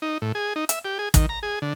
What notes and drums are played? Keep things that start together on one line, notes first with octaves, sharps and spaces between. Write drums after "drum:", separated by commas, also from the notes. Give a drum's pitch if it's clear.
D#4
A2
G#4
D#4
E5, drum: hi-hat
G4
G#4
D#3, drum: kick, hi-hat
A#5
G#4
D3